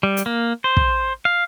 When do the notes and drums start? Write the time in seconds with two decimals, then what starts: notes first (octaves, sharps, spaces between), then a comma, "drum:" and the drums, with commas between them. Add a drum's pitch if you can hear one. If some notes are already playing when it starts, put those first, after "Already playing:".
0.03 G3
0.17 drum: hi-hat
0.26 A#3
0.64 C5
0.77 drum: kick
1.25 F5